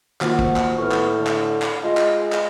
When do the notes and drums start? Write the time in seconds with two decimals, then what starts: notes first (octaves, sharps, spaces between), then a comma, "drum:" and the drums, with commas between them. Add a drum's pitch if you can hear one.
0.21 D#3 F3 A#3 F4 F#4, drum: clap
0.39 drum: kick
0.56 drum: clap
0.78 A2 B3 C#6 F6
0.92 drum: clap
1.18 D3
1.27 drum: clap
1.62 drum: clap
1.84 G#3 F4 D#5
1.97 drum: clap
2.32 drum: clap